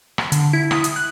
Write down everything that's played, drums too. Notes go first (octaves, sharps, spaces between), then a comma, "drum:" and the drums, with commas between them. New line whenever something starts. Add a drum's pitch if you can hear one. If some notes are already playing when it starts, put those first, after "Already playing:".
drum: rim click
D3, drum: hi-hat
E4
D#6, drum: rim click
drum: hi-hat
F#6